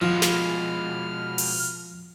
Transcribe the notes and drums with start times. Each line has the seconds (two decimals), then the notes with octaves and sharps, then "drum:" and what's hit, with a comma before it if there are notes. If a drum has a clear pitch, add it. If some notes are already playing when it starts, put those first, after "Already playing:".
0.02 B2 F3 G#3 F6
0.22 drum: snare
1.38 drum: open hi-hat